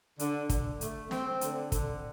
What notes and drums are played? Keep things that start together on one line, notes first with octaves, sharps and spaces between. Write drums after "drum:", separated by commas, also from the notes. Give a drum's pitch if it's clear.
D3, drum: hi-hat
D3, drum: kick, hi-hat
A3, drum: hi-hat
C4, drum: snare
D3, drum: hi-hat
D3, drum: kick, hi-hat